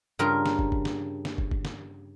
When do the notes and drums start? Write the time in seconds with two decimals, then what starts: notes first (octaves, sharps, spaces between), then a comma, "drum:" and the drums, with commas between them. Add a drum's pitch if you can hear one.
0.19 G2 C#3 F4 A#4
0.46 drum: snare
0.59 drum: kick
0.72 drum: kick
0.85 drum: snare
1.25 drum: snare
1.38 drum: kick
1.51 drum: kick
1.65 drum: snare